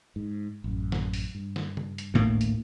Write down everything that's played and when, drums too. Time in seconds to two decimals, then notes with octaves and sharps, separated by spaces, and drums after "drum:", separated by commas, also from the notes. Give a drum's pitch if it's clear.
0.16 G#2
0.64 A1 F#2
0.92 drum: snare
1.14 drum: open hi-hat
1.35 G2
1.56 drum: snare
1.77 drum: tom C#3
1.98 drum: hi-hat
2.14 G#1 D2 A2 A#3
2.41 drum: hi-hat